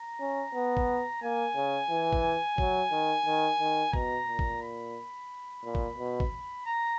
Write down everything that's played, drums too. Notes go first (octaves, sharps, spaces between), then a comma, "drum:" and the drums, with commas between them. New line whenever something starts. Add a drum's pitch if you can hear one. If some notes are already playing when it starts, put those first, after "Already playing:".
Already playing: A#5
C#4
B3
drum: kick G#1
A#3 G#5
C#3
E3
drum: kick G#1
F#3, drum: kick G#1
D#3
D#3
D#3
B2 A#5, drum: kick G#1
A#2
drum: kick G#1
B5
A#2
drum: kick G#1
B2
drum: kick G#1
A#5